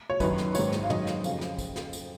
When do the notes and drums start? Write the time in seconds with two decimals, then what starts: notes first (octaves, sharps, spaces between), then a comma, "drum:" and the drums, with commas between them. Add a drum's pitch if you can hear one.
0.10 C#5
0.20 F#2 D#3 B4, drum: kick, tambourine
0.38 drum: snare
0.55 G#2 D#3 C#5, drum: tambourine
0.72 drum: snare
0.83 F5
0.90 F#2 D#3 D#5, drum: tom
1.07 drum: snare
1.24 F2 C#3 F5, drum: tambourine
1.41 drum: snare
1.59 drum: kick, tambourine
1.76 drum: snare
1.93 drum: tambourine